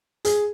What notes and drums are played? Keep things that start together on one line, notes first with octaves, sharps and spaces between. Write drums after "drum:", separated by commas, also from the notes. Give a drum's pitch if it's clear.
G#4, drum: hi-hat